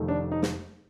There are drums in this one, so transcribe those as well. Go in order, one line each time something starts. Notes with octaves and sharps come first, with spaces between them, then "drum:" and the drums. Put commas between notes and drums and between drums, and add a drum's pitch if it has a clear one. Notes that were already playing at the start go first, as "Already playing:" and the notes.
Already playing: F1 F2 D#3 A3
D4
D#4
drum: snare